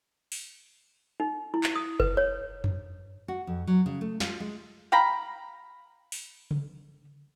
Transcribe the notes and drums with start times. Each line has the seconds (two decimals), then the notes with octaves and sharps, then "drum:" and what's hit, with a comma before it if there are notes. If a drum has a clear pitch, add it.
0.32 drum: open hi-hat
1.20 D#4
1.54 E4
1.64 drum: clap
1.75 D#6
2.00 B4, drum: kick F#1
2.17 C#5
2.64 drum: tom F2
3.28 F#4
3.47 F2
3.67 F#3
3.86 C#3
4.01 A3
4.20 F4, drum: snare
4.40 G#3
4.92 F5 G5 A#5 B5
6.12 drum: open hi-hat
6.51 drum: tom C#3